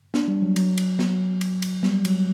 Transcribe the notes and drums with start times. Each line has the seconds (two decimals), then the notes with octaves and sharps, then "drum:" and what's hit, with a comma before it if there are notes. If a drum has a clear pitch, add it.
0.14 D4, drum: snare
0.28 G3
0.42 F#3
0.56 F#3, drum: cymbal
0.78 drum: cymbal
0.99 F#3, drum: snare
1.41 drum: cymbal
1.62 drum: cymbal
1.83 G3, drum: snare
2.05 F#3, drum: cymbal